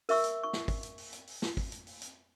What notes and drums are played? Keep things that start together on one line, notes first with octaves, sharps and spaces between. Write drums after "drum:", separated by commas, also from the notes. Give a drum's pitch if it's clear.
A#4 E5 C#6 E6, drum: open hi-hat
drum: hi-hat
C#6
drum: snare
drum: kick, open hi-hat
drum: hi-hat
drum: open hi-hat
drum: hi-hat
drum: open hi-hat
drum: snare
drum: kick, open hi-hat
drum: hi-hat
drum: open hi-hat
drum: hi-hat